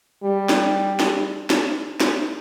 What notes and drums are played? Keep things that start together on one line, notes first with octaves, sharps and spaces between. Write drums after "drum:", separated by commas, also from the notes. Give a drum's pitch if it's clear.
G3
drum: snare
drum: snare
drum: snare
drum: snare